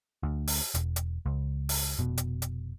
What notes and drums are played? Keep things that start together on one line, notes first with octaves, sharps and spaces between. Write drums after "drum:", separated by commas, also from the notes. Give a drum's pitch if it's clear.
D2
drum: open hi-hat
E1, drum: hi-hat
drum: hi-hat
C#2
drum: open hi-hat
F1 B2
drum: hi-hat
drum: hi-hat